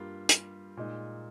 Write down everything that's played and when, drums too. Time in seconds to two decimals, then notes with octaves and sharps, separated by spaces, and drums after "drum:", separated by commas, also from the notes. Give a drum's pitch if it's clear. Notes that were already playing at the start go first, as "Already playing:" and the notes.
Already playing: G2 G3 A#3 F4
0.29 drum: hi-hat
0.77 A#2 G#3 D#4